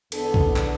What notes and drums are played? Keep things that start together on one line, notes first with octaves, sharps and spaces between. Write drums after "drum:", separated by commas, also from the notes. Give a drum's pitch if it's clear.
E2 D3 B3 D4 A4, drum: cymbal
drum: kick A#1
drum: clap